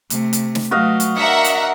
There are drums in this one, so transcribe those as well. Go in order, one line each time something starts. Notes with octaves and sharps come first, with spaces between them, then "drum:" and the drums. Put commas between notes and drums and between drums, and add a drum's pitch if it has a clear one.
C3 A3, drum: hi-hat
drum: hi-hat
drum: snare
F#3 A3 F#4 D#5 F5
drum: hi-hat
D4 A#4 E5 F#5 A#5
drum: hi-hat